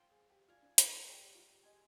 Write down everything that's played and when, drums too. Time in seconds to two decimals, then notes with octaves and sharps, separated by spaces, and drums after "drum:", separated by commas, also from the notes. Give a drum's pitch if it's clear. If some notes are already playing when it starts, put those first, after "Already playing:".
Already playing: F4 C5 G5
0.10 G#4
0.30 G4
0.48 F4 D5 F5 G#5
0.63 D4
0.78 D#4, drum: hi-hat
0.92 F4
1.06 G#4 D5 G5 A#5
1.20 G4
1.35 F4
1.49 G4
1.63 G4 G#4 D#5 G#5 C6